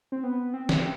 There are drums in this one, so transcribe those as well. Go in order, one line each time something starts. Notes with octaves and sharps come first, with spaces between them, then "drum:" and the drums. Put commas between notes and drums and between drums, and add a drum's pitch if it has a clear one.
C4
B3
C4
drum: snare